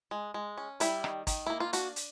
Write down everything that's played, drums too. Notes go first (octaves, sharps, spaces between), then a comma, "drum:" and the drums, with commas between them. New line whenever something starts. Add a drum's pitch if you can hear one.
G#3
G#3
C#4
G3 E4, drum: hi-hat
D#3, drum: rim click
D#3, drum: kick, hi-hat
A#3 E4
F4
D4 F#4, drum: hi-hat
drum: hi-hat